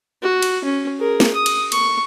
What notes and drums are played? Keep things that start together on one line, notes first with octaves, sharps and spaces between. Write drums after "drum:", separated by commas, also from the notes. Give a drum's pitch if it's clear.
F#4
drum: cymbal
C#4
G#4 A#4
drum: snare
D#6
drum: cymbal
C#6, drum: cymbal